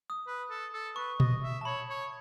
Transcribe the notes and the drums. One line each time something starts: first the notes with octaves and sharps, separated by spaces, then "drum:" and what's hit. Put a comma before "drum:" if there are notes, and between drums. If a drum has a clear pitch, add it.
D#6
B4
A4
A4
B4 C#6
D#5, drum: tom A#2
E5
A5
C#5 B5
C#5